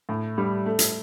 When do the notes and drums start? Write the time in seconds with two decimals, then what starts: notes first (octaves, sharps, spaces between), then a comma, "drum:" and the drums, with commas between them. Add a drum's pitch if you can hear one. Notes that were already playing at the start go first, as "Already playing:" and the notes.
0.09 A2
0.38 G3
0.66 A3
0.79 drum: hi-hat